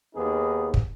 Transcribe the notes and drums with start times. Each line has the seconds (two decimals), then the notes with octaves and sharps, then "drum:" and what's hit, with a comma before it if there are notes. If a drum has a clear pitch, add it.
0.14 D#2 B3 D#4 G#4
0.74 drum: kick